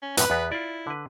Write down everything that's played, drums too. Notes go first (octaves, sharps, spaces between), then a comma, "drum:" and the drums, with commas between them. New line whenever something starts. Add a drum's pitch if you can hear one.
C#4
F#2 A2 C3 B4, drum: hi-hat
E2 B3 A#5
E4 F4 D5
D3 B4